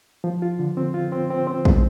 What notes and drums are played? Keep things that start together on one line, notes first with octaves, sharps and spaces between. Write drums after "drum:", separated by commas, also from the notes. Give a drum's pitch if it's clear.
F3
F4
D3
C4
F4
C4
C4
C4
G#3, drum: kick A#1